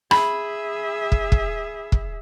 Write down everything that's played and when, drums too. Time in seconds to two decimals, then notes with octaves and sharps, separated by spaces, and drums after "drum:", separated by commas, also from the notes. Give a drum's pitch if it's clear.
0.11 G#4 E5 B5, drum: rim click
1.12 drum: kick
1.32 drum: kick
1.92 drum: kick